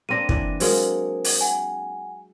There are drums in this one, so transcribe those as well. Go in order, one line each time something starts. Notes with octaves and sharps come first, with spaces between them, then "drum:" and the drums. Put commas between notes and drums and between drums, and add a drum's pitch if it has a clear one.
A#3 C4 D4 A#6 D#7
E3 D4, drum: kick
F#3 G#3 A#4 C5 F5, drum: open hi-hat
drum: open hi-hat
F#5 G#5